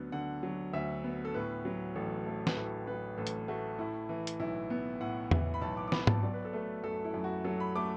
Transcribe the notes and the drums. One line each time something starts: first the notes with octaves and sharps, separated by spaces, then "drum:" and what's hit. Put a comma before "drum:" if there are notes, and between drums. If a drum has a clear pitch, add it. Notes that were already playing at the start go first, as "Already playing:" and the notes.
Already playing: D2 D3 F#3 B3
D3 F#5
F#3
D2 E5
B3
A4
A2 B4
F#3
A1 A4
A3
B4, drum: snare
A2 A4
F#3 B4
A1 A4
drum: hi-hat
A3 F#4
A2 E4
E3
drum: hi-hat
B1 E4
B3
A2 F#5
E3, drum: tom E2
B5
B1 A5
D6
D6
B3 B5, drum: snare
A5, drum: tom G#2
F#3 D5
B4
A4
A3 B4
F#2 A4
E4
F#2
F#4
F#3 A4
B5
A3 D6